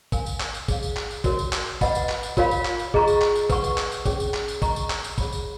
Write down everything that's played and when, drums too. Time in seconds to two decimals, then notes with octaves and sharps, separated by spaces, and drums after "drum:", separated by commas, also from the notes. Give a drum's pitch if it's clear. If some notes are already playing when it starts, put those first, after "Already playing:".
0.12 A#4 F5 G#5, drum: kick, tambourine
0.26 drum: tambourine
0.40 drum: clap
0.54 drum: tambourine
0.68 G#4 C#5 F5, drum: kick, tambourine
0.83 drum: tambourine
0.97 drum: clap
1.11 drum: tambourine
1.24 F#4 A#4 C#5, drum: kick, tambourine
1.39 drum: tambourine
1.53 drum: clap
1.81 B4 D#5 F#5 B5, drum: kick, tambourine
1.95 drum: tambourine
2.09 drum: clap
2.23 drum: tambourine
2.37 F4 A#4 C#5 F5 B5, drum: kick, tambourine
2.51 drum: tambourine
2.65 drum: clap
2.79 drum: tambourine
2.94 G#4 D#5 A#5 C#6, drum: kick
3.07 drum: tambourine
3.22 drum: clap
3.36 drum: tambourine
3.50 B4 F#5 C#6, drum: kick, tambourine
3.64 drum: tambourine
3.78 drum: clap
3.92 drum: tambourine
4.06 C#4 G#4 C#5, drum: kick, tambourine
4.20 drum: tambourine
4.34 drum: clap
4.48 drum: tambourine
4.62 A#4 D#5 A#5 C#6, drum: kick, tambourine
4.76 drum: tambourine
4.90 drum: clap
5.04 drum: tambourine
5.18 G#4 C#5 F#5 B5, drum: kick, tambourine
5.32 drum: tambourine